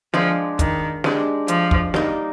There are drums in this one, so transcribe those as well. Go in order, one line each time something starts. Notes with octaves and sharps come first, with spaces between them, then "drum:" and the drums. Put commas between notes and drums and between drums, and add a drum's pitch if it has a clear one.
F3 G#3 D4 G#4 C5, drum: snare
D#3, drum: kick, hi-hat
G#3 D4 G4, drum: snare
F3, drum: hi-hat
drum: kick
G3 A#3 D#4, drum: snare